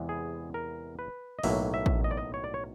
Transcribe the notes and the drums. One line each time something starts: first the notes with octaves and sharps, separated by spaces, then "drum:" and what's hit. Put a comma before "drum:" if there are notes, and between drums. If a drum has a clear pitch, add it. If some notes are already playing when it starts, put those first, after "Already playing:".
Already playing: E2 C3 E3 G#3 B3
G#4
A#4
B4
D#5
B1 A2 F#3 A#3 E5, drum: open hi-hat
E5
drum: kick A1
D#5
D5
D#5
C#5
D5
C#5